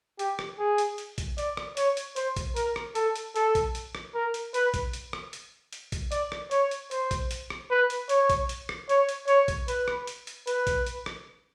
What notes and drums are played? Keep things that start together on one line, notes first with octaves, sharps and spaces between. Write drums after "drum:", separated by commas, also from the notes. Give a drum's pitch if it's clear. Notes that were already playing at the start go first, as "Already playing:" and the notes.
G4, drum: hi-hat
drum: rim click
G#4
drum: hi-hat
drum: hi-hat
drum: kick A#1, hi-hat
D5, drum: hi-hat
drum: rim click
C#5, drum: hi-hat
drum: hi-hat
C5, drum: hi-hat
drum: kick A#1, hi-hat
A#4, drum: hi-hat
drum: rim click
A4, drum: hi-hat
drum: hi-hat
A4, drum: hi-hat
drum: kick A#1, hi-hat
drum: hi-hat
drum: rim click
A#4
drum: hi-hat
B4, drum: hi-hat
drum: kick A#1, hi-hat
drum: hi-hat
drum: rim click
drum: hi-hat
drum: hi-hat
drum: kick A#1, hi-hat
D5, drum: hi-hat
drum: rim click
C#5, drum: hi-hat
drum: hi-hat
C5, drum: hi-hat
drum: kick A#1, hi-hat
drum: hi-hat
drum: rim click
B4
drum: hi-hat
C#5, drum: hi-hat
drum: kick A#1, hi-hat
drum: hi-hat
drum: rim click
C#5, drum: hi-hat
drum: hi-hat
C#5, drum: hi-hat
drum: kick A#1, hi-hat
B4, drum: hi-hat
drum: rim click
drum: hi-hat
drum: hi-hat
B4, drum: hi-hat
drum: kick A#1, hi-hat
drum: hi-hat
drum: rim click